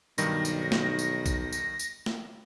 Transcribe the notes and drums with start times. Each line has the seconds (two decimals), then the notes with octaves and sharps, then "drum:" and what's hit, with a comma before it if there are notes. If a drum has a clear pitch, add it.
0.18 B1 G2 D#3 G3 A#6, drum: tambourine
0.45 drum: tambourine
0.72 drum: snare
0.99 drum: tambourine
1.26 drum: kick, tambourine
1.53 drum: tambourine
1.79 drum: tambourine
2.06 drum: snare